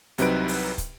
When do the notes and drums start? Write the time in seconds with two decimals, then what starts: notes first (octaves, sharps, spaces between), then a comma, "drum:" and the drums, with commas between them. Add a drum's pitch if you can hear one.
0.18 C2 C3 F#3 D#4 B4 D7, drum: hi-hat
0.48 drum: open hi-hat
0.78 drum: kick, hi-hat